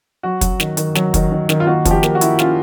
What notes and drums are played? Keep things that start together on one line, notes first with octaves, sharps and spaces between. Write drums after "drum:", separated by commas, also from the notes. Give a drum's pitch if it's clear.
F#3 F#4
F#3, drum: kick, hi-hat
D#3, drum: snare
D#3, drum: hi-hat
F#3, drum: snare
D#3, drum: kick, hi-hat
D#3
D#3, drum: snare
F4
A#3 F#4
F3, drum: kick, hi-hat
G4
A#3, drum: snare
F#4
E4, drum: hi-hat
C#4 F4, drum: snare